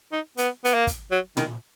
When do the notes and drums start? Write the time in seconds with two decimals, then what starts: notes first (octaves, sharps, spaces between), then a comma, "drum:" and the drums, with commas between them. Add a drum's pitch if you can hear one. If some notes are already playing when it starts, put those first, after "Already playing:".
0.13 D#4
0.37 B3, drum: hi-hat
0.65 B3, drum: hi-hat
0.74 A#3
0.87 drum: kick, hi-hat
1.12 F#3
1.37 D#3, drum: tom